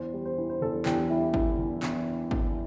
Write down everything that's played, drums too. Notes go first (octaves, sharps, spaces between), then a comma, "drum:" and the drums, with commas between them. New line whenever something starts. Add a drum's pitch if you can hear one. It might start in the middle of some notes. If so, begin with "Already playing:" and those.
Already playing: E2 C5
G3
C5
E3
C5
E2 A4
E2 G4, drum: clap
G3 E4
E3, drum: kick G#1
E2
E2, drum: clap
drum: kick G#1